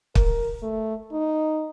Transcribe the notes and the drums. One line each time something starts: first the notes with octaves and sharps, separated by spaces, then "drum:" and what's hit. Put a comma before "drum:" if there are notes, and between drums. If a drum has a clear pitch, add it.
A#4, drum: kick
A3
D#4